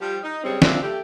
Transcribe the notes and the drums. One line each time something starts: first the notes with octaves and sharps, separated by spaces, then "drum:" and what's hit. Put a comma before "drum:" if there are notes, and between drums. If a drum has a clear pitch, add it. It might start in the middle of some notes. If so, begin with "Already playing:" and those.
F3 G3 G4
D#4
G2 C#3 G3 G#3 C4 C#5
A#3 C4 D4 E4 F4, drum: snare
A3 G4